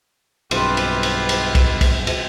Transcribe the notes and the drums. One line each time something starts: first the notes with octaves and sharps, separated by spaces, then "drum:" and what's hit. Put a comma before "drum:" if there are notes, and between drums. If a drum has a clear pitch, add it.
B1 G2 C4 E4 F4 G4 B4, drum: cymbal
drum: cymbal
drum: cymbal
drum: cymbal
drum: kick, cymbal
drum: kick, cymbal
drum: cymbal